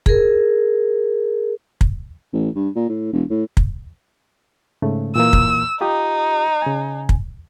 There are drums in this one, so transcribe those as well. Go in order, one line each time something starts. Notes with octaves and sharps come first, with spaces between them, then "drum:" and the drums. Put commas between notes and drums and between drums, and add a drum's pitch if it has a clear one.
G#4 A#4, drum: kick
drum: kick
A1
G2
A#2
A2
E1
A2
drum: kick
G#2 C#3 A3
A#2 E3 A#3 E6
drum: kick
D#4 F4 G4 D#6
C#3 G#5
drum: kick